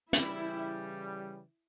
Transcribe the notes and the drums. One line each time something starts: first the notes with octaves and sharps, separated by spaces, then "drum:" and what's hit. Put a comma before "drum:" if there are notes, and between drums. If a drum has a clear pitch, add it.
C#3 E3 G3 E4, drum: hi-hat